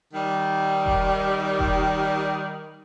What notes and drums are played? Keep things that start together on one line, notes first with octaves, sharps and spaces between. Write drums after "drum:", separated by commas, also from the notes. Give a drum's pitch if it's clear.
D#3 G3
drum: kick F1
drum: kick F1